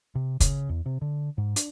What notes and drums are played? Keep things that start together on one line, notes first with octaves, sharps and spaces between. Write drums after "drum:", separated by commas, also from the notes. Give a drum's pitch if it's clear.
C3
C#3, drum: kick, hi-hat
E2
C3
D3
G#2
D4, drum: hi-hat